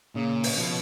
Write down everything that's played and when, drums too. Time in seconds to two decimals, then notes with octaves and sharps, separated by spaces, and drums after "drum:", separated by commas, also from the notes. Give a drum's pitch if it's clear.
0.15 A#2 C#3
0.44 drum: open hi-hat
0.57 B2 F3